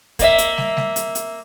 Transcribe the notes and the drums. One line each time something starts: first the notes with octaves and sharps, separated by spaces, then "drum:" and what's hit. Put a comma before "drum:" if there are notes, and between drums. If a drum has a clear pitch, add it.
A#3 D5 E5, drum: kick, hi-hat
drum: hi-hat
drum: snare
drum: snare
drum: hi-hat
drum: hi-hat